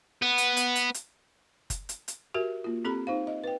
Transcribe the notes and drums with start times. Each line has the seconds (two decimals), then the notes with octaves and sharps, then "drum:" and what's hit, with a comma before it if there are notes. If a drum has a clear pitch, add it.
0.22 B3
0.38 drum: hi-hat
0.57 drum: hi-hat
0.76 drum: hi-hat
0.94 drum: hi-hat
1.70 drum: kick F#1, hi-hat
1.89 drum: hi-hat
2.08 drum: hi-hat
2.34 F#4 G4 A#4 E5
2.64 A#3 F4
2.85 C4 G4 A4 A#5 B5
3.07 D#4 C5 F5
3.27 D#5
3.44 B4 G5